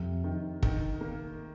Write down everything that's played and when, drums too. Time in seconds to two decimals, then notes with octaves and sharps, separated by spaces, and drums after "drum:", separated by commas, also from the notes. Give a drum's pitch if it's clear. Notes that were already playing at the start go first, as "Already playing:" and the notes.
Already playing: F2 C3
0.24 D#3
0.63 D#3, drum: kick
1.01 A#3